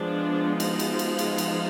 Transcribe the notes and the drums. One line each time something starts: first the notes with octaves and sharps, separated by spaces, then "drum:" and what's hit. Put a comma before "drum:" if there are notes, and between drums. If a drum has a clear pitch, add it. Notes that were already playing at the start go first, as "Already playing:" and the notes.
Already playing: F3 G#3 B3 D4
D#4, drum: cymbal
drum: cymbal
drum: cymbal
drum: cymbal
drum: cymbal